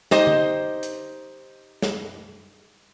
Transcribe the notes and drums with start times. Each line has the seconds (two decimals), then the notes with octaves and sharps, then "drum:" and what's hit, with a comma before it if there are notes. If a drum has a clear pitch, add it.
0.11 D#4 G4 C5 D#5, drum: snare
0.27 drum: tom D3
0.83 drum: hi-hat
1.82 drum: snare